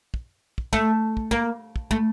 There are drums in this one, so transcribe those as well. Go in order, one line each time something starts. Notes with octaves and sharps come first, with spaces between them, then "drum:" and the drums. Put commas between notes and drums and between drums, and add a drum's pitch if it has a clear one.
drum: kick
drum: kick
A3, drum: kick
drum: kick
A#3, drum: kick
drum: kick
A3, drum: kick